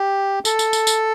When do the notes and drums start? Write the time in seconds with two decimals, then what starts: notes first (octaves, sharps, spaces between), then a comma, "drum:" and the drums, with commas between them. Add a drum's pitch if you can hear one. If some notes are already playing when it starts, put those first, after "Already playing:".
Already playing: G4
0.45 A4, drum: tambourine
0.59 drum: tambourine
0.73 drum: tambourine
0.87 drum: tambourine